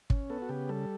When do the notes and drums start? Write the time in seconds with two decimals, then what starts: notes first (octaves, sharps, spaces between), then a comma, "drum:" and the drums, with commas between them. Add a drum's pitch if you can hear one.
0.10 C#4, drum: kick
0.30 B3 A4
0.42 F#4
0.49 C#3 G4
0.69 G3 A4